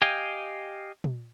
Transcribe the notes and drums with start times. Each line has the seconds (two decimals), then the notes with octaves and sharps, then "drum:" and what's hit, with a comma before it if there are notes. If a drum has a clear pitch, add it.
0.02 G4 D#5 F5 G5 G#5
1.04 drum: tom A#2